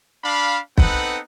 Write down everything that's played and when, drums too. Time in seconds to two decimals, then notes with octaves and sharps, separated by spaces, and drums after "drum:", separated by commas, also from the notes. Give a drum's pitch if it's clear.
0.23 D4 F5 B5
0.78 B3 C4 D#4 A4 B4 F#5, drum: kick